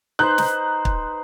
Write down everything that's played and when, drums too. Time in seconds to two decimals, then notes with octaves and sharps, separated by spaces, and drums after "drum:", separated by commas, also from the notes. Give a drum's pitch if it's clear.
0.19 D#4 B4 C5 F#6 G6
0.38 D#4, drum: snare
0.85 drum: kick